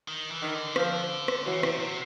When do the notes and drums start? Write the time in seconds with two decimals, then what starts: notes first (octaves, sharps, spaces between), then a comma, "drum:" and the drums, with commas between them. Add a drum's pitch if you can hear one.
0.08 D#3
0.31 E3
0.42 D#3
0.54 D3
0.76 F3, drum: rim click
1.28 drum: rim click
1.45 C#3 E3 F#3
1.63 C3, drum: rim click
1.80 C3